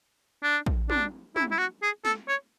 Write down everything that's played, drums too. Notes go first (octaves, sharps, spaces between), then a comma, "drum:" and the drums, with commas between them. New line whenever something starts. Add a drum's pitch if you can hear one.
D4
drum: kick
D4, drum: tom
E4, drum: tom
E4
F#4
G#4
A4, drum: snare
C#5